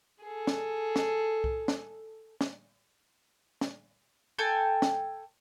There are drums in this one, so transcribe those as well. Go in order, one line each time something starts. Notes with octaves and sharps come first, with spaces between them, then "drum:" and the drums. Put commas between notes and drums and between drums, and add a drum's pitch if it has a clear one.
G#4 A4
drum: snare
drum: snare
drum: kick C2
drum: snare
drum: snare
drum: snare
A4 G5 G#5
drum: snare